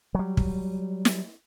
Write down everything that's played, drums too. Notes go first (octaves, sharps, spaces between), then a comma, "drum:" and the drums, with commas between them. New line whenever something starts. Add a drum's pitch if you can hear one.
F#3 G3
drum: kick
drum: snare